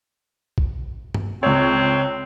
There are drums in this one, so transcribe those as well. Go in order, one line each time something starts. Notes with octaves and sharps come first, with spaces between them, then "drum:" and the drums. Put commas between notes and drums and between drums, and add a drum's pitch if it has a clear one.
drum: kick
drum: tom G2
C#2 C4 C#5